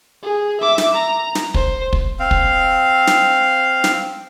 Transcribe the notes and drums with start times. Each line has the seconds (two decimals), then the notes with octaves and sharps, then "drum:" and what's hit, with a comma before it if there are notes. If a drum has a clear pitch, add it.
0.23 G#4
0.61 E5 D6
0.78 drum: snare
0.95 A#5
1.35 drum: snare
1.54 C5, drum: kick
1.93 drum: kick
2.20 C4 F5
2.31 drum: kick
3.07 drum: snare
3.84 drum: snare